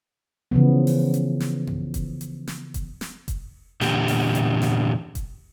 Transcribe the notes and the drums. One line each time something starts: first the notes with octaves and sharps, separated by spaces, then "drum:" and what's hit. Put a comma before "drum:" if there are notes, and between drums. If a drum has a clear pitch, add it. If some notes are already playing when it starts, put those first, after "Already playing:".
C#3 E3 F3 B3
drum: open hi-hat
drum: hi-hat
drum: snare
drum: tom F#2
drum: kick F1, hi-hat
drum: hi-hat
drum: snare
drum: kick F1, hi-hat
drum: snare
drum: kick F1, hi-hat
E2 A#2 D3 G4, drum: snare
drum: open hi-hat
drum: hi-hat
drum: snare
drum: kick F1, hi-hat